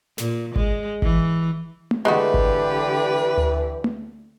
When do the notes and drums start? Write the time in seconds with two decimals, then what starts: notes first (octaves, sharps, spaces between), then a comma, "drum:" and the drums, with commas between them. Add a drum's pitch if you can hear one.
0.18 A#2, drum: snare
0.56 G#3, drum: kick G#1
1.02 E3, drum: kick G#1
1.91 drum: tom A3
2.05 D3 E3 G#3 A3 F#4 G4 B4
2.34 drum: kick G#1
3.38 drum: tom D2
3.84 drum: tom A3